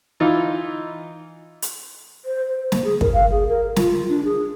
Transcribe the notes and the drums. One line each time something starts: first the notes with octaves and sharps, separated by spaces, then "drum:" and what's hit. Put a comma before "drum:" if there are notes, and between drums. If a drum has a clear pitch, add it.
E3 D#4 F4
drum: hi-hat
C5
C5
A#3, drum: snare
G#4
A#4, drum: kick
F5
G#4
A#4
F4, drum: snare
D4
G#4